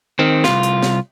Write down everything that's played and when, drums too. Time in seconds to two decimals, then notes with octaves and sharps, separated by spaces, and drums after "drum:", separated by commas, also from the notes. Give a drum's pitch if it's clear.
0.19 D#3 C4
0.44 C2 F4, drum: snare
0.63 drum: hi-hat
0.83 drum: snare